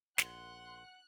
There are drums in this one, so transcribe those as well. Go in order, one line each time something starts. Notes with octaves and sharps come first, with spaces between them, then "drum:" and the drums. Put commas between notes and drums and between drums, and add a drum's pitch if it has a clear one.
A#1 F#5 C6 F#6, drum: snare